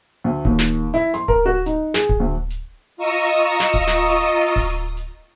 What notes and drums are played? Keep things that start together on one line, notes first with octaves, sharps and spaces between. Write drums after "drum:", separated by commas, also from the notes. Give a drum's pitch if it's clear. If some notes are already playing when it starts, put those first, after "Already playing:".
D2
D#2, drum: kick D1
drum: snare
E4
C6, drum: hi-hat
A#4, drum: kick D1
F#4
D#4, drum: hi-hat
G#4, drum: snare
drum: kick D1
D2
drum: hi-hat
F4 D#5 A#5 C#6 D#6 E6
drum: hi-hat
drum: snare
drum: kick D1
drum: snare
drum: hi-hat
drum: kick D1
drum: hi-hat
drum: hi-hat